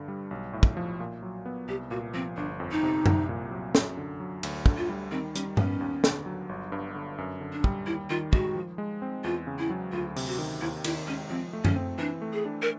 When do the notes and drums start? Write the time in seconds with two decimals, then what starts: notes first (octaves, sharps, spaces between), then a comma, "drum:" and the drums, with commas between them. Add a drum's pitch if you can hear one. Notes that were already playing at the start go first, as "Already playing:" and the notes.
Already playing: G2 D3
0.08 G3
0.31 B1
0.53 A2
0.63 drum: kick
0.77 F3
1.00 A#2
1.22 F#3
1.46 B3
1.68 C2 G4
1.91 A#2 F#4
2.14 F3 C4
2.37 G1 D4
2.60 F2
2.72 D#4
2.83 C3
3.06 C2, drum: tom F#2
3.29 A#2
3.51 F#3
3.75 F#2, drum: snare
3.97 D3
4.20 F#3
4.43 D2, drum: cymbal
4.66 D3, drum: kick
4.77 F4
4.89 G3
5.12 D#3 C4
5.35 G3 C#4, drum: hi-hat
5.57 B3 C#4, drum: tom G2
5.81 D#2
6.04 D3, drum: snare
6.26 F#3
6.49 G1
6.72 G2
6.95 D3
7.18 F#2
7.41 D3
7.53 D4
7.64 G3, drum: kick
7.86 D#2 E4
8.10 D#3 F4
8.33 G#3 F#4, drum: kick
8.56 F3
8.78 G#3
9.02 C4
9.24 E2 F4
9.47 C#3
9.59 E4
9.70 F#3
9.92 D2 F4
10.16 C3, drum: open hi-hat
10.27 F#4
10.38 D#3
10.61 D#2 E4
10.84 D#3 E4, drum: cymbal
11.07 G#3 C#4
11.30 F3 C4
11.53 A3
11.65 C#4, drum: tom F#2
11.76 C4
11.98 E3 D4
12.22 A3
12.33 G#4
12.45 D4
12.62 A#4